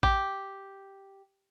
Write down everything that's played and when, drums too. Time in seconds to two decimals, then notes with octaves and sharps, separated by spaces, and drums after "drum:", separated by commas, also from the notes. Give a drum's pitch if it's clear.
0.03 G4, drum: kick A1